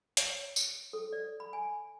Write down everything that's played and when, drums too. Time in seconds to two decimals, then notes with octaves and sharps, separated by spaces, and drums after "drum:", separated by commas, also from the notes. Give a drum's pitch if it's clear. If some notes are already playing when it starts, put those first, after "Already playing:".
0.17 C#5, drum: hi-hat
0.56 drum: tambourine
0.93 A4
1.13 D5
1.40 B5
1.53 G#5